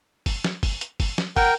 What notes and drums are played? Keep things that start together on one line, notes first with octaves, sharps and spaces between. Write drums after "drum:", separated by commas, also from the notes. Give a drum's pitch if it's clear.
drum: kick, open hi-hat
drum: snare
drum: kick, open hi-hat
drum: hi-hat
drum: kick, open hi-hat
drum: snare
A#4 F#5 G5, drum: kick, open hi-hat